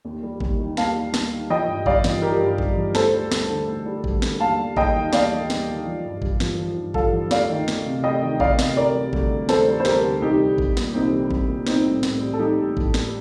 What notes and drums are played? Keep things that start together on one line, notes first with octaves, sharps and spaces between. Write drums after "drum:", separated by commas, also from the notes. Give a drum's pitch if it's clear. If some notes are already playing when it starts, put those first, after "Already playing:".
D#2
G3
D#2, drum: kick
D#3
D#2 F5 A5, drum: snare
G3
D#2, drum: snare
D#3
F3 D#5 G5
G2
G2 D5 F5, drum: kick
F3, drum: snare
F3 G4 A#4
G2
G2, drum: kick
F3
D2 A4 C5, drum: snare
G3
D2, drum: snare
D3
D2
G3
D2, drum: kick
D3, drum: snare
D#2 F5 A5
G3
D#2 D#5 G5, drum: kick
D#3
D#2 D5 F5, drum: snare
G3
D#2, drum: snare
D#3
F3
G2
G2, drum: kick
F3, drum: snare
F3
G2
G2 F4 A4, drum: kick
F3
D2 D5 F5, drum: snare
D#3
D2, drum: snare
C3
D2 D#5 G5
D#3
D2 D5 F5, drum: kick
C3, drum: snare
D2 A#4 D5
G3
D2, drum: kick
D3
D2 A4 C5, drum: snare
G3
C5
D2 G4 A#4, drum: snare
D3
C2 D#4 G4
G3
C2, drum: kick
A#2, drum: snare
C2 C4 D#4
G3
C2, drum: kick
A#2
G3 C4 D#4, drum: snare
A2
A2, drum: snare
G3
A4
G3 D#4 G4
A2
A2, drum: kick
G3, drum: snare